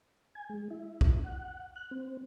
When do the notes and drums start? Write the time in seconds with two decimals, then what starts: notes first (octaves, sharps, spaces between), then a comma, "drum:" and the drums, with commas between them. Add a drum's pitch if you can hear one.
0.35 G#5
0.50 G#3
0.70 E4
1.01 drum: kick
1.24 F#5
1.76 F#6
1.91 C4